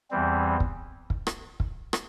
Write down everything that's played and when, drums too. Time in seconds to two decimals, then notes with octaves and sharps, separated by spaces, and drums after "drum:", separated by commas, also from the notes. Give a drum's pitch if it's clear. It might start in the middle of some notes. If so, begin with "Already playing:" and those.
0.11 E2 E3 G3 C4
0.60 drum: kick
1.10 drum: kick
1.27 drum: rim click
1.60 drum: kick
1.93 drum: rim click